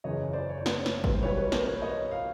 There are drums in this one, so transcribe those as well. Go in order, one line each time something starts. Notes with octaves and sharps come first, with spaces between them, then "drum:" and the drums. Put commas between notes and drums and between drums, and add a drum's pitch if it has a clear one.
F#1 E2 C#3 E3 C#5 D#5
C5 D5
C#5
D5
B4 C#5, drum: snare
drum: snare
B4, drum: kick
C5
B1 B2 G3 B4 C#5
B4 C#5
A#4 C5, drum: snare
B4 C#5
C#5 D#5
F5